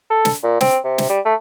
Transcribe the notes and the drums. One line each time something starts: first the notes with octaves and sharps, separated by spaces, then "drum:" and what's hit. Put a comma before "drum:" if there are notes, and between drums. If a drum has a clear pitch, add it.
A4
drum: snare
A#2
C4, drum: snare
C3
drum: snare
G3
A3